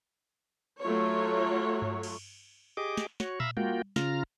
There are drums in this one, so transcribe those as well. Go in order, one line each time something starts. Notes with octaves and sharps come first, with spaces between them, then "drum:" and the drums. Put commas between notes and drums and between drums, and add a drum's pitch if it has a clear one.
F#3 A3 F4 C#5
drum: tom G2
drum: cymbal
G4 G#4 D#5 D6
drum: snare
F#4 C#5, drum: snare
E5 F5 A#5 B5 E6, drum: tom
A#3 F4 F#4 G5, drum: tom G3
C#3 F4 A#5 F6, drum: snare